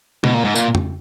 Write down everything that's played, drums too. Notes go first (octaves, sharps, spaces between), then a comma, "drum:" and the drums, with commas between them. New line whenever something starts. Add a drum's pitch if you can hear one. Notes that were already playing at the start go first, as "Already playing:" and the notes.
B2, drum: tom C#3
A#2
G#2
A#2, drum: tambourine
drum: tom